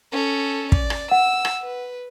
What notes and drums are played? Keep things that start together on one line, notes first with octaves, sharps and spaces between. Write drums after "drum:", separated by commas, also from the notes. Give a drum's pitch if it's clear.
C#4 A4
D5, drum: kick
drum: rim click
F#5 E6
drum: rim click
B4